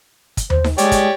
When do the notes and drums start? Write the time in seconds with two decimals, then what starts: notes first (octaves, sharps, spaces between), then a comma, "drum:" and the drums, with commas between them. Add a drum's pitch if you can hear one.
0.37 drum: kick, hi-hat
0.50 C5, drum: tom D#2
0.64 drum: snare D#4
0.78 G#3 G4 C#5 D5, drum: hi-hat
0.92 drum: kick, hi-hat